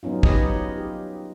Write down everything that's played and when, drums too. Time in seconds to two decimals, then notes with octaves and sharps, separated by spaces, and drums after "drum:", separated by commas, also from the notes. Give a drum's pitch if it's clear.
0.03 F#3 B3 C#4 D#4 F4
0.23 D#4 G4 B4 C#5 D#5, drum: kick
0.56 F4
0.78 G4